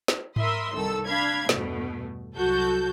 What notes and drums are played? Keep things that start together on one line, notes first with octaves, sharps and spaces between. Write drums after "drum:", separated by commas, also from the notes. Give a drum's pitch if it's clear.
drum: snare
A#4 E5 B5 C6 D#6, drum: tom G#2
C2 D#3 A4 E6
D4 F5 B5 G#6
E2 G2 B2 A3, drum: snare
C2 F#3 F#4 A4 G6